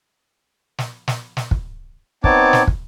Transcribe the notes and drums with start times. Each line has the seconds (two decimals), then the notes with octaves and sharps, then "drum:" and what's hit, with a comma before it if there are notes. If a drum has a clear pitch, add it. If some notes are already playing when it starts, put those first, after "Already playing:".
0.78 drum: snare
1.08 drum: snare
1.37 drum: snare
1.51 drum: kick
2.24 B3 C4 D#4 C#5 A5 D6, drum: kick
2.53 drum: snare
2.67 drum: kick